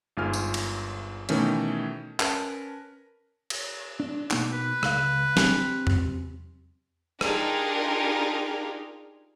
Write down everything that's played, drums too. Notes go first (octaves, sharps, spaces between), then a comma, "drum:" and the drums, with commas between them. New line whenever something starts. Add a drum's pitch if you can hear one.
G1 G#2 F4 G#5 F6
drum: tambourine
drum: cymbal
B2 D#3 E3 A3 C#4, drum: hi-hat
C#4 A#4 B4 A5, drum: clap
drum: cymbal
D4
B2 A#3 D#4, drum: clap
B4
C#2 F5, drum: rim click
C4 G4 G#5, drum: snare
drum: tom E2
D4 D#4 F4 G4 G#4 A#4, drum: rim click